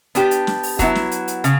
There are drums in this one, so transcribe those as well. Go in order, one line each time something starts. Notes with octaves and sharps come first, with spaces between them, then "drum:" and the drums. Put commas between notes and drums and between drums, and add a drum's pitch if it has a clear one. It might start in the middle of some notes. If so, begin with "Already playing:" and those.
B3 D4 G4, drum: hi-hat
drum: hi-hat
drum: snare
drum: open hi-hat
F#3 B3 E4, drum: kick, hi-hat
drum: snare
drum: hi-hat
drum: hi-hat
C#3, drum: hi-hat